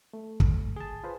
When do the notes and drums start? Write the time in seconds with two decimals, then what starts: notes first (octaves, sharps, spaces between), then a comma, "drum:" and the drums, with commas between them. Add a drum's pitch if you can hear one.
0.13 A3
0.40 drum: kick
0.76 G#4 A5
1.04 F4 B4 C5